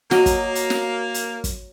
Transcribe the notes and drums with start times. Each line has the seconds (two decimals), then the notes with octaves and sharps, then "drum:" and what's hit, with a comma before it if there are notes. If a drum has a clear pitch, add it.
0.11 F#3 A#3 D#5, drum: snare
0.26 drum: kick, hi-hat
0.55 drum: hi-hat
0.70 drum: snare
1.14 drum: hi-hat
1.44 drum: kick, hi-hat